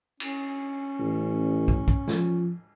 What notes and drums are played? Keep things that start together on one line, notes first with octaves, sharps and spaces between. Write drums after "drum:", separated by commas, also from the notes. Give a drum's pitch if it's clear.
C#4, drum: cymbal
A1
drum: kick
drum: kick
F3, drum: snare